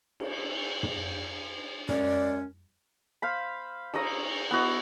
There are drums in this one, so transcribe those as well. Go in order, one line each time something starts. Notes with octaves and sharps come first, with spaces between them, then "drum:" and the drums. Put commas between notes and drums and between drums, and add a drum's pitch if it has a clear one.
drum: cymbal
drum: tom
F#2 G#3 C#4 D5, drum: tom
C5 F5 B5
A#5 C#6 D#6 E6, drum: cymbal
B3 E4 F#4 D#5